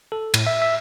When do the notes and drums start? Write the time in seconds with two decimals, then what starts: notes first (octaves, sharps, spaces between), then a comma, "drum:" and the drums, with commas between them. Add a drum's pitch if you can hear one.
0.12 A4
0.34 A2, drum: cymbal
0.47 E5
0.62 E5